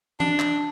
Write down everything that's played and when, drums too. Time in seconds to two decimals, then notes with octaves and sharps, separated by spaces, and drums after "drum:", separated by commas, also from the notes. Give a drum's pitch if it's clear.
0.20 D4, drum: tom E3
0.40 drum: clap